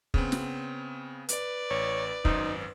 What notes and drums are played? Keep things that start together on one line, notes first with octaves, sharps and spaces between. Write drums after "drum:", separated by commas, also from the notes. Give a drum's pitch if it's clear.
C#3 B3 C4, drum: kick
drum: snare
B4 D5, drum: hi-hat
A1 C#5
G#1 F#2 D#4 C5, drum: kick